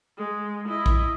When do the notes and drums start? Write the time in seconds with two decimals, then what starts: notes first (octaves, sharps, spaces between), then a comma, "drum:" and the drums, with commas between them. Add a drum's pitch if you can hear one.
0.17 G#3
0.68 E4 D#5
0.86 drum: kick